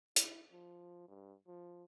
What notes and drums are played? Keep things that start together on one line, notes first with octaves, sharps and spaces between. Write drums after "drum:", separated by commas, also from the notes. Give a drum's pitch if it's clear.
E4, drum: hi-hat
F3
G2
F3